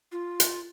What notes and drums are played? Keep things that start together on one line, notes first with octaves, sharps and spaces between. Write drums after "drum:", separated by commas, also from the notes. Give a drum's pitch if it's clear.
F4
drum: hi-hat